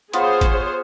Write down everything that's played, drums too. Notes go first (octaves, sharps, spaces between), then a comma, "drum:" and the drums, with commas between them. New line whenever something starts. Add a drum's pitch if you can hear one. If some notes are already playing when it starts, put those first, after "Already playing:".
B3 F4 G#4 C5 C#5, drum: hi-hat
drum: kick G#1, hi-hat